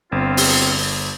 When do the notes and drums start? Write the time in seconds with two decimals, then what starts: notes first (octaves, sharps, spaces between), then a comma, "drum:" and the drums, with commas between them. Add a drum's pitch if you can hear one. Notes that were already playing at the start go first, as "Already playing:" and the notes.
0.12 G1 C4 F4
0.37 drum: open hi-hat